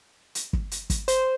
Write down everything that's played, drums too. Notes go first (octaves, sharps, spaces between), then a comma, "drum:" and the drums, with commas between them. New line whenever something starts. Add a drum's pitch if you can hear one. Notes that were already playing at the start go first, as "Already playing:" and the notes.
drum: hi-hat
drum: kick
drum: hi-hat
drum: kick, hi-hat
C5, drum: hi-hat